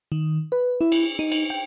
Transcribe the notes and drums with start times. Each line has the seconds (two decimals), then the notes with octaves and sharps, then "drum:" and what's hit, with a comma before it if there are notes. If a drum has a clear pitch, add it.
0.12 D#3
0.52 B4
0.81 E4
0.92 drum: cymbal
1.19 D#4
1.32 drum: cymbal
1.50 G5